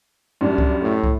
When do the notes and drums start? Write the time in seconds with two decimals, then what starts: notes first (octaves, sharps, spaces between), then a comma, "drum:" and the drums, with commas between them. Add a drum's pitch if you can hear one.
0.41 F#2 G3 D4
0.58 drum: kick
0.81 A2
1.03 drum: kick